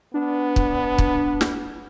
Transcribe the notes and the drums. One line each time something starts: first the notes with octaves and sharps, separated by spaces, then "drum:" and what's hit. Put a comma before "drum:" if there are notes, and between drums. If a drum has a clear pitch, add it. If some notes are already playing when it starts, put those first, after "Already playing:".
B3 D4
drum: kick
drum: kick
drum: snare